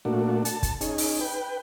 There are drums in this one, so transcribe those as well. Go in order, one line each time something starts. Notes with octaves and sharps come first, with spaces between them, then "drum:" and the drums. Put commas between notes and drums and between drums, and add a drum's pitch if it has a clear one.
A#2 A3 D4 F#4
A5, drum: hi-hat
drum: kick, hi-hat
C#4 D#4 G#4, drum: hi-hat
drum: open hi-hat
B4 G5